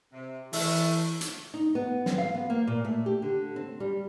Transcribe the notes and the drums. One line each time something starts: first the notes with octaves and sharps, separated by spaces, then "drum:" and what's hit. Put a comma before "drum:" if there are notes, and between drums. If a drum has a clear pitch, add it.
C3
E3 A3 E5, drum: open hi-hat
drum: hi-hat
D#4
B3
C4, drum: snare
F5
B3
A#3
A#2
A3
G4
D3
C4
G3